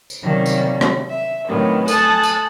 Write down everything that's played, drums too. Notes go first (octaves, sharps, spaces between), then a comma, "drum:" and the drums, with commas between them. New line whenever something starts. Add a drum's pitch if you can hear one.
drum: tambourine
C3 D#3 F#3 G3 A#3 C#4
drum: tambourine
drum: rim click
E5
A2 C3 D#3 F#3 B3 C#4
A4 G#5 A5 D#6 F#6, drum: tambourine
drum: tambourine